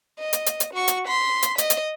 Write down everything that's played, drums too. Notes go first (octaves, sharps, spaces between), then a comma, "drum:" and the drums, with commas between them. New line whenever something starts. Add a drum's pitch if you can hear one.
D#5
drum: hi-hat
drum: hi-hat
drum: hi-hat
F#4 C#6
drum: hi-hat
C6 B6
drum: hi-hat
D#5, drum: hi-hat
drum: hi-hat